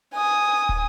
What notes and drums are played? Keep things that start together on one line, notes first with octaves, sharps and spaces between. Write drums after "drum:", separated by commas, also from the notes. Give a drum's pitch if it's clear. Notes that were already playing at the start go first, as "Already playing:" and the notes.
G#5 D#6
drum: kick